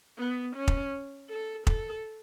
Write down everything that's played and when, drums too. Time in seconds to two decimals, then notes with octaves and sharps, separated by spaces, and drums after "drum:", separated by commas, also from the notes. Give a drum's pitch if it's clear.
0.18 B3
0.56 C#4
0.68 drum: kick
1.29 A4
1.67 A4, drum: kick